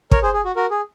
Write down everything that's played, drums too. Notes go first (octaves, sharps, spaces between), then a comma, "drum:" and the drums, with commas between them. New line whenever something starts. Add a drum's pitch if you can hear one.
A#4 C#5, drum: kick
G#4 C5
G#4
F#4
F#4 A#4
G#4